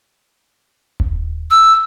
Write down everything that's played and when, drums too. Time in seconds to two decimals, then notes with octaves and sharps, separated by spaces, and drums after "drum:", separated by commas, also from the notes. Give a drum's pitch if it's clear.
1.00 drum: kick D#1
1.51 E6